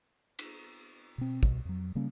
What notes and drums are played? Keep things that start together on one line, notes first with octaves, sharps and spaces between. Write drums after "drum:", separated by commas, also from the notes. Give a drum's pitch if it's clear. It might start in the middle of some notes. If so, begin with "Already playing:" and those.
drum: cymbal
B2 C4
C2 B2, drum: kick
F2 F#3
C#3 G3 A#3 C#4